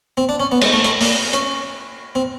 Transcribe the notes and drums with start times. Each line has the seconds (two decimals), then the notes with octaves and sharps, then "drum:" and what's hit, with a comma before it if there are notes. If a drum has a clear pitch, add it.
0.17 C4
0.29 D4
0.40 C#4
0.52 B3
0.61 G#3, drum: cymbal
0.73 A3
0.84 A3, drum: hi-hat
1.01 A#3, drum: open hi-hat
1.33 C#4, drum: hi-hat
2.15 C4